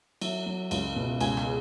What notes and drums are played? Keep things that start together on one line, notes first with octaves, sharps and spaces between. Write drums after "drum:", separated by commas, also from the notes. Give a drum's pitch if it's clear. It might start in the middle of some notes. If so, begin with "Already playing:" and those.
F#3 E5, drum: cymbal
F#3
C#2, drum: cymbal
B2
C#2 G#5, drum: cymbal
G#5, drum: rim click
G#3